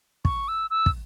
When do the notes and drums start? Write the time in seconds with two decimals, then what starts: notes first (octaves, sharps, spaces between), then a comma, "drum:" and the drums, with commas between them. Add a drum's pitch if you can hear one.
0.25 C#6, drum: kick
0.48 E6
0.70 E6
0.86 drum: kick